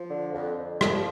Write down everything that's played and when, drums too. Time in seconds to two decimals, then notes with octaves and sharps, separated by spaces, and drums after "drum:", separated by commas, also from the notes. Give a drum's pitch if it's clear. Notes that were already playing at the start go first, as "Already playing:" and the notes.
Already playing: F3
0.10 D3
0.33 F2
0.57 F2
0.81 F3, drum: rim click